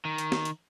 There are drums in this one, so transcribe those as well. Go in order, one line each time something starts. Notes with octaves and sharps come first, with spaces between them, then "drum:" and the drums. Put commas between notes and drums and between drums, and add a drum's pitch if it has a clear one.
D#3
drum: hi-hat
drum: snare
drum: hi-hat